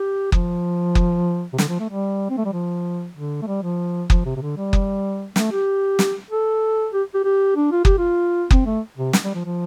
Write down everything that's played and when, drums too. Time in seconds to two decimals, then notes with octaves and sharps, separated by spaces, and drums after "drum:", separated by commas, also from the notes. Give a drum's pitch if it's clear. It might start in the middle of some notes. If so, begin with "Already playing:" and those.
Already playing: G4
0.32 F3, drum: kick F#1
0.95 drum: kick F#1
1.53 C3
1.58 D3, drum: snare
1.69 F3
1.80 A3
1.90 G3
2.30 C4
2.37 A3
2.45 G3
2.53 F3
3.16 D3
3.42 A3
3.47 G3
3.62 F3
4.10 F3, drum: kick F#1
4.26 C3
4.36 C3
4.41 D3
4.57 G3
4.73 drum: kick F#1
5.36 A3, drum: snare
5.52 G4
5.99 drum: snare
6.30 A4
6.93 G4
7.14 G4
7.24 G4
7.56 D4
7.72 F4
7.85 G4, drum: kick F#1
7.98 F4
8.51 C4, drum: kick F#1
8.66 A3
8.98 C3
9.13 drum: snare
9.24 G3
9.35 F3
9.45 F3